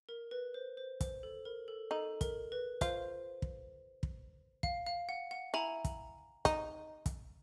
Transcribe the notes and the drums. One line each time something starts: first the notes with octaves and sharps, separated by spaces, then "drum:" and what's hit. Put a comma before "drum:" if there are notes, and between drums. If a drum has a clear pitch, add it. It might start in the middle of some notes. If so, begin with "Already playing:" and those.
A#4
B4
C5
C5
C5, drum: kick, hi-hat
A4
A#4
A4
D#4 A4
A#4, drum: kick, hi-hat
B4
F4 C5, drum: kick, hi-hat
drum: kick
drum: kick
F5, drum: kick
F5
F#5
F#5
E4 G#5 A#5
drum: kick, hi-hat
D#4, drum: kick, hi-hat
drum: kick, hi-hat